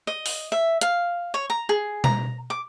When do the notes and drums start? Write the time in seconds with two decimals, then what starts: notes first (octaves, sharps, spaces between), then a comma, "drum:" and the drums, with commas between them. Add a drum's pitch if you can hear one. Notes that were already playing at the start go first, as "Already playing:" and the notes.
0.07 D#5
0.26 drum: open hi-hat
0.52 E5
0.81 F5, drum: hi-hat
1.34 C#5
1.50 A#5
1.69 G#4
2.04 A#5, drum: tom B2
2.50 D6